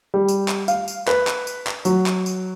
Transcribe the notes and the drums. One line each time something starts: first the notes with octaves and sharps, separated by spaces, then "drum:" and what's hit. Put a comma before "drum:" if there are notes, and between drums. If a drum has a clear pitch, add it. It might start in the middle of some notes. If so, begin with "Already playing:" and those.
G3
drum: tambourine
drum: clap
F5, drum: tambourine
drum: tambourine
B4, drum: clap
drum: clap
drum: tambourine
drum: clap
F#3, drum: tambourine
drum: clap
drum: tambourine